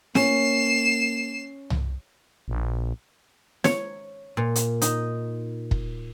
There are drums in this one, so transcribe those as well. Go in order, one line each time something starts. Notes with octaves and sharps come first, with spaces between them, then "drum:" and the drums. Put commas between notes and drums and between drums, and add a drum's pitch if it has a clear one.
A#3 C#4 C7 E7, drum: snare
drum: tom C2
A#1
C#5, drum: snare
A#2
drum: hi-hat
D#4, drum: hi-hat
drum: kick